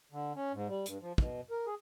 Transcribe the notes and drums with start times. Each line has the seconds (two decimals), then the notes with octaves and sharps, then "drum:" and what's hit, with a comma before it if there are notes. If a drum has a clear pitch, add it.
0.12 D3
0.36 C#4
0.53 G#2
0.68 G3
0.86 G2, drum: hi-hat
1.01 F3
1.18 B2, drum: kick
1.50 A#4
1.66 G#4